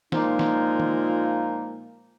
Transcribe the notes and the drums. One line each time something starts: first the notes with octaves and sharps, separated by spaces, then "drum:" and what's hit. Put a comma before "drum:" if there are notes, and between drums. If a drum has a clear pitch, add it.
A#2 F3 G#3 A#3 D#4, drum: snare
drum: snare
drum: tom D#3